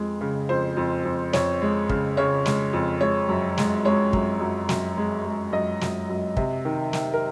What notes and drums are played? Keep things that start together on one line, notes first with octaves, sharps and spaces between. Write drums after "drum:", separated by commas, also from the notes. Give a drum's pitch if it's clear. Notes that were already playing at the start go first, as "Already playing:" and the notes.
Already playing: F2 G#3
C#3
F2 C5
F2
F2
F2 C#5, drum: snare
G#3
C#3, drum: kick
C#3 C#5
G#3, drum: snare
F2
G#3 C#5
F#2
G#3, drum: snare
G#3 C#5
F#2, drum: kick
F#2
F#2, drum: snare
G#3
G#3
F#2 D#5
F#2, drum: snare
F#2
C3, drum: kick
D#3
D#3, drum: snare
A#4